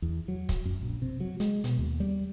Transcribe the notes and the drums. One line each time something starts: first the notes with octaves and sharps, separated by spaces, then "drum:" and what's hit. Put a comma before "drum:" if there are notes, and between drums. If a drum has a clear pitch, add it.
E2
F#3
drum: kick, hi-hat
F#2
A#1
C3
F#3
G#3, drum: hi-hat
B2, drum: hi-hat
D#2
G3